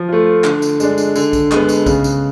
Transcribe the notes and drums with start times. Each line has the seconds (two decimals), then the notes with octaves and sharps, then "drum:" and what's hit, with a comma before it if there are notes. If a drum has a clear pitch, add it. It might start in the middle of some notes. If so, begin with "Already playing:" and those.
Already playing: F3
0.08 A3 F4
0.44 D3, drum: clap
0.62 drum: tambourine
0.80 G#3 D4, drum: tambourine
0.98 drum: tambourine
1.15 D3, drum: tambourine
1.33 drum: kick, tambourine
1.51 G#3 B3, drum: clap
1.69 drum: tambourine
1.86 C#3, drum: kick, tambourine
2.04 drum: tambourine